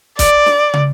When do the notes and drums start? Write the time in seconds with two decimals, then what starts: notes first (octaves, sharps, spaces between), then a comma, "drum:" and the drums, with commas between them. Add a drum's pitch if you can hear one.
0.19 D5, drum: kick, hi-hat
0.46 drum: snare
0.73 drum: tom